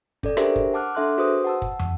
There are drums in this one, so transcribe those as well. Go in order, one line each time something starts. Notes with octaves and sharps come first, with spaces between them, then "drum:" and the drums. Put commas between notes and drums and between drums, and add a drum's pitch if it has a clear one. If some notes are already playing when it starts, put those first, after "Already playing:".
C#4 A4 D5, drum: kick
D4 G4 G#4 A#4 C5 E5, drum: rim click
drum: kick
F#5 A5 D6 F6 F#6
D4 A4 E5 C6 D6 F#6
F#4 G#4 B4 C5 C6 D#6
F#5 A5 E6
drum: kick
drum: tom